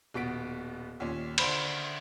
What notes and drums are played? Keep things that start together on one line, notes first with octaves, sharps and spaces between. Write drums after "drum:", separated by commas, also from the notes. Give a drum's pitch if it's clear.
D#1 B2 B3 B6 D7
D#2 A#2 C#4
D3 C5 B5, drum: cymbal